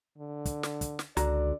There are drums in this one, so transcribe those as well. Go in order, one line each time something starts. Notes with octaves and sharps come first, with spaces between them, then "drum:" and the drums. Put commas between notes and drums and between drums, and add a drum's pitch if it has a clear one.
D3
drum: kick, hi-hat
drum: snare
drum: kick, hi-hat
drum: snare
C#2 D3 F#4 D5 A#5, drum: hi-hat